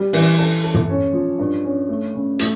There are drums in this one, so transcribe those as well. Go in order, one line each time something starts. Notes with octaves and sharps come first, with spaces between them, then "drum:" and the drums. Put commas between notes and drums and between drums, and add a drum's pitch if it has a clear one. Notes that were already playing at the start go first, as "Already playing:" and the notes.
Already playing: G3
E3, drum: open hi-hat
A4
A4
drum: tom
C#4
F3
G2
C#4
A3
C#3
A3, drum: hi-hat